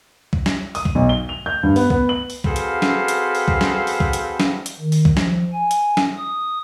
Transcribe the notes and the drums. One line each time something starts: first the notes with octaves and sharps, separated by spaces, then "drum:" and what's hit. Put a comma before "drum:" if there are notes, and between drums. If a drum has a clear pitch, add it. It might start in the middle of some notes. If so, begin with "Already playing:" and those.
drum: kick C2
drum: snare
D#6, drum: open hi-hat
drum: kick C2
B1
G7
F7
G6
G2
B3, drum: open hi-hat
B3, drum: kick C2
F#7
drum: open hi-hat
C4 F#4 G#4 A4 B4 F5, drum: kick C2
drum: hi-hat
drum: snare
drum: hi-hat
drum: open hi-hat
drum: kick C2
drum: snare
drum: open hi-hat
drum: kick C2
drum: hi-hat
drum: snare
drum: hi-hat
D#3
drum: open hi-hat
drum: kick C2
F3, drum: snare
G#5
drum: hi-hat
drum: snare
D#6